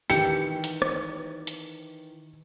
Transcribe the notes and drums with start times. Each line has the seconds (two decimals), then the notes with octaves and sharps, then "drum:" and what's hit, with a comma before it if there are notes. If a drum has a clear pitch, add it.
0.10 D#3 E3 G4 C#7, drum: open hi-hat
0.64 drum: hi-hat
0.82 drum: rim click
1.47 drum: hi-hat